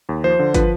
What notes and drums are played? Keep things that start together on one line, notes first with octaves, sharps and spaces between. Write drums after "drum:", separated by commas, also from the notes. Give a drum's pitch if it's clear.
D#2
F3 C5
D3
F3 B4, drum: kick, hi-hat